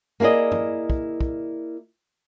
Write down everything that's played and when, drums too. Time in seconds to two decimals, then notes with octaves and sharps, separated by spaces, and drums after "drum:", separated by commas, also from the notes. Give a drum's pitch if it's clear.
0.20 A#3 E4 G#4 D5 D#5
0.52 drum: tom
0.90 drum: kick
1.21 drum: kick